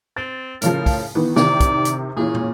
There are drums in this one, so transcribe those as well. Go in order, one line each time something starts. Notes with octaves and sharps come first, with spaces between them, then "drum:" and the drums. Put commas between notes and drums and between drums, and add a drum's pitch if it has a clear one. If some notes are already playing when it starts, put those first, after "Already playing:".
C4 A6
A2 C#3 F3 A#4, drum: hi-hat
drum: kick, open hi-hat
D#3 E3 B3
C3 D#3 E3 D5, drum: snare
drum: kick, hi-hat
drum: hi-hat
A#2 E3 C#4 G#4
drum: tom